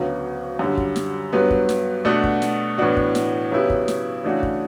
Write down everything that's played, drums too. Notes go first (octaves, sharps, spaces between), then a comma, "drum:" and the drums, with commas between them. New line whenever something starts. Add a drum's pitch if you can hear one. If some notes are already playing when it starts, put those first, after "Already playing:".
Already playing: D2 C#3 F#3 B3
F#2 D3 G3
drum: kick
drum: snare
G2 F#3 B3
drum: kick
drum: snare
B2 A3 D4 F#4
drum: kick
drum: snare
A2 E3 B3 D4 F#4
drum: kick
drum: snare
C#3 F#3 B3 E4 G4
drum: kick
drum: snare
C#3 E3 A3 D4 F#4
drum: kick